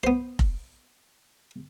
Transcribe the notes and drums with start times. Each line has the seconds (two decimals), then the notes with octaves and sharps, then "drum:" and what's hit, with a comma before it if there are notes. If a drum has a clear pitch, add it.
0.04 B3 C5
0.39 drum: kick F1